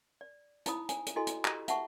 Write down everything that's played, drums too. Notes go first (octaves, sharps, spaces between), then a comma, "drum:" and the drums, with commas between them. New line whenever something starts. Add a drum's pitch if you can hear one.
D5
D#4 E4 C5 A#5 B5 D#6, drum: hi-hat
G#5, drum: hi-hat
drum: hi-hat
E4 F#4 A4 D#5 G#5 C6
drum: hi-hat
G4 D#5 A#5, drum: clap
E5 F#5 A5 C#6, drum: hi-hat